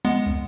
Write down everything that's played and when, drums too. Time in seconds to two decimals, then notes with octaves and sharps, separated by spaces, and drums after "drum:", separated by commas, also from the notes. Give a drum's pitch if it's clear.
0.05 G#3 B3
0.26 drum: kick